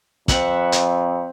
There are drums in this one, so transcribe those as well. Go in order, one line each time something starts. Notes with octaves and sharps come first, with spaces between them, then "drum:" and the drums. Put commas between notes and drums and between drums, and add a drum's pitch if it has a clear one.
F2 C4 E5 F#5, drum: kick, hi-hat
drum: hi-hat